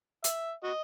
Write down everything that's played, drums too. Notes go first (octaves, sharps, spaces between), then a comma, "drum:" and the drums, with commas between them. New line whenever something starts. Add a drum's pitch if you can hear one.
E5, drum: hi-hat
F#4 D#5